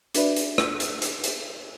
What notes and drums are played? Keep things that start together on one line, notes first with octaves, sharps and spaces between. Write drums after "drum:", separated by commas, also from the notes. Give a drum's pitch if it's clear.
D4 F#4 B4 D5 E5 B5, drum: hi-hat
drum: hi-hat
drum: rim click
drum: hi-hat
drum: hi-hat
drum: hi-hat